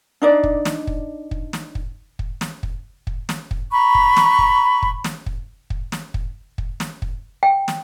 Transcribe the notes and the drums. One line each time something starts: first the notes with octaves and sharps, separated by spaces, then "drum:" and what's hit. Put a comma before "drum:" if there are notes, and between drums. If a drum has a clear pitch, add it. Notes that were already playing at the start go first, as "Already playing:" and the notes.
D4 D#4 D5
drum: kick
drum: snare
drum: kick
drum: kick
drum: snare
drum: kick
drum: kick
drum: snare
drum: kick
drum: kick
drum: snare
drum: kick
A#5 B5 C#6
drum: kick
drum: snare
drum: kick
drum: kick
drum: snare
drum: kick
drum: kick
drum: snare
drum: kick
drum: kick
drum: snare
drum: kick
G5
drum: snare